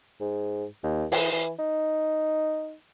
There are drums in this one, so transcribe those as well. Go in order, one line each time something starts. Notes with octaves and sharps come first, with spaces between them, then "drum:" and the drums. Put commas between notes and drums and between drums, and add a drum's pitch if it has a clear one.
G#2
D#2
E3, drum: open hi-hat
E3
D#4